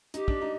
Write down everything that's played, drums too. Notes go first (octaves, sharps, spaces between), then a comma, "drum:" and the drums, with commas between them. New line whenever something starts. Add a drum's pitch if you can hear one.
D#4 G4, drum: hi-hat
D4, drum: kick
D#4